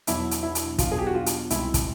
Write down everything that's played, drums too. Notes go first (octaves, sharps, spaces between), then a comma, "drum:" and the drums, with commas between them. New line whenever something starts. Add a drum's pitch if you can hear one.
E2 B2 F#3 B3 D4 E4, drum: hi-hat
drum: hi-hat
E4
drum: hi-hat
F4, drum: kick, hi-hat
G#4
G4
F#4
F4
drum: hi-hat
C2 B2 G#3 C4 E4, drum: hi-hat
drum: kick, hi-hat